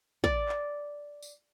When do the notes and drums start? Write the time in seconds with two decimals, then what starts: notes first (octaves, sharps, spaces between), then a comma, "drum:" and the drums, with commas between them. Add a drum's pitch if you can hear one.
0.24 D5, drum: kick
0.48 drum: clap
1.22 drum: tambourine